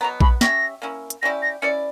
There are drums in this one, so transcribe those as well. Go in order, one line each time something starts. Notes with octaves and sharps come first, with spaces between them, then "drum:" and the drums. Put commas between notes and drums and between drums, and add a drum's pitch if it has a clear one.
B2 F#3 B3 A#5
B5, drum: kick A#1
C#4 G4 C#5 E5 A#6, drum: snare
A#3 C#4 E4
drum: hi-hat
G3 C#4 E4 G4 A#6
A#6
C#4 E4 B4 D5 C#7